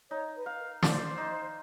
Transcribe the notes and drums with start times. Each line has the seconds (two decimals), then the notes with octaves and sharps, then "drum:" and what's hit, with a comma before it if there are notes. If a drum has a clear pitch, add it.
0.11 D#4 C#5
0.35 B4
0.46 F5
0.58 A#4
0.83 C5 D5, drum: snare
1.18 D#4